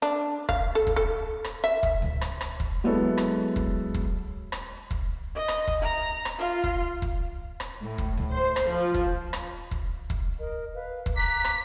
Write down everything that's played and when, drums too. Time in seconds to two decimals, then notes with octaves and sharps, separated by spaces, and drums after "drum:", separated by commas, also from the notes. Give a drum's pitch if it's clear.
0.02 D4
0.49 F5, drum: kick
0.75 A4
0.87 drum: kick
0.96 A4
1.44 drum: rim click
1.64 E5
1.83 drum: kick
2.02 drum: tom C#2
2.21 drum: rim click
2.41 drum: rim click
2.60 drum: kick
2.84 F#3 G#3 B3 E4 A4 C#5
3.17 drum: rim click
3.56 drum: kick
3.94 drum: kick
4.52 drum: rim click
4.91 drum: kick
5.35 D#5
5.48 drum: rim click
5.67 drum: kick
5.82 A#5
6.25 drum: rim click
6.39 F4
6.64 drum: kick
7.02 drum: kick
7.60 drum: rim click
7.83 A2
7.98 drum: kick
8.17 drum: tom C#2
8.32 C5
8.56 drum: rim click
8.71 F3
8.94 drum: kick
9.33 drum: rim click
9.71 drum: kick
10.10 drum: kick
10.40 A#4 D#5
10.74 B4 F5
11.06 drum: kick
11.16 A#5 D6 F#6 B6
11.44 drum: rim click